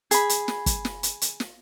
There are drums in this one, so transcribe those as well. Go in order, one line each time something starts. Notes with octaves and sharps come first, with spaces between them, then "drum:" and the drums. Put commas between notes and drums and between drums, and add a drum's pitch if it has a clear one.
G#4 B5, drum: hi-hat
drum: hi-hat
drum: snare
drum: kick, hi-hat
drum: snare
drum: hi-hat
drum: hi-hat
drum: snare